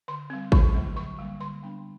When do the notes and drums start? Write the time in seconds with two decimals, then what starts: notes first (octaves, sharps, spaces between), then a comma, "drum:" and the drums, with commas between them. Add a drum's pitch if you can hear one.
0.08 D3 C6
0.30 G3 C4
0.52 D3 C#6, drum: kick
0.74 F#3 A3
0.96 D3 C#6
1.19 G3 A#3
1.40 D3 C6
1.62 G3 B3 D4